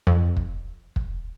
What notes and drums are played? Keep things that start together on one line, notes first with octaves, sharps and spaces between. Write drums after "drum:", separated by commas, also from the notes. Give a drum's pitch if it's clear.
F2
drum: kick
drum: kick